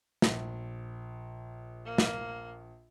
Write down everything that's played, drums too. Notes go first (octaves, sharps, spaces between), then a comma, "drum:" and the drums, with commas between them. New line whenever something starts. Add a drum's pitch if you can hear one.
A#1, drum: snare
A#3
drum: snare